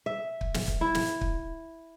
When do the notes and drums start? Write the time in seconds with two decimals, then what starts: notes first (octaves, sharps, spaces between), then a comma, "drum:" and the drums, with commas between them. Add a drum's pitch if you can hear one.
0.06 E5
0.41 drum: kick
0.54 drum: snare
0.68 drum: kick
0.81 E4
0.95 drum: snare
1.21 drum: kick